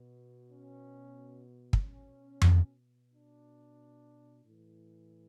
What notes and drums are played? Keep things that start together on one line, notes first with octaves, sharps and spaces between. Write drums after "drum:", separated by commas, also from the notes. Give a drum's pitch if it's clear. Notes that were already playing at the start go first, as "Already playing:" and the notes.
Already playing: B2
C#4
drum: kick
B2 C#4
drum: tom F2
D4
A2 E3